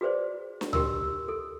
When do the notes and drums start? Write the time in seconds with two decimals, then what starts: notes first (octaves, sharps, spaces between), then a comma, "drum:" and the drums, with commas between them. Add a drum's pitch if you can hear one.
0.01 F#4 G#4 B4 C5 D5
0.61 drum: snare D4
0.73 G4 A#4 C6 E6, drum: tom C#2
1.28 A4